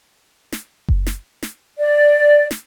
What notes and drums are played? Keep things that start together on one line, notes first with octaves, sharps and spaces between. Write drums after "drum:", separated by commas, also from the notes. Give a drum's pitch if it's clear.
drum: snare
drum: kick F#1
drum: snare
drum: snare
D5
drum: snare